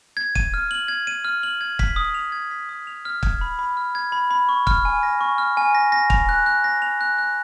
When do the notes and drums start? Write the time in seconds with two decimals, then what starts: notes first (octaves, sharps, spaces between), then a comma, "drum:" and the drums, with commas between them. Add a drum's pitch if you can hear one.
0.17 G#6
0.35 D#7, drum: kick
0.54 F6
0.71 F#7
0.88 G#6
1.07 D#7
1.25 F6
1.43 F#7
1.61 G#6
1.79 B6, drum: kick
1.96 D#6
2.15 F7
2.32 G#6
2.51 B6
2.69 D#6
2.87 F7
3.05 F6
3.23 G#6, drum: kick
3.41 B5
3.59 B5
3.77 F6
3.95 G#6
4.12 B5
4.31 B5
4.49 C#6
4.67 F6, drum: kick
4.85 G#5
5.03 A#6
5.21 C#6
5.38 F6
5.57 G#5
5.75 A#6
5.92 A#6
6.10 F7, drum: kick
6.29 F#6
6.46 F#6
6.64 A#6
6.82 F7
7.01 F#6
7.18 F#6